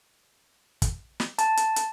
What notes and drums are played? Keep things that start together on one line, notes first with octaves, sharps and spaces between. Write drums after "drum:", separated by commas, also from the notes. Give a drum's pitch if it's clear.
drum: kick, hi-hat
drum: snare
A5, drum: hi-hat
drum: hi-hat
drum: hi-hat